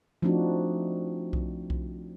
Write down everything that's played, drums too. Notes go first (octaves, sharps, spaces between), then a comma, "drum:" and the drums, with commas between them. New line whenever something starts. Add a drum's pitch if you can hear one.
F3 A3 C4 D4 D#4 F#4
drum: kick B1
drum: kick B1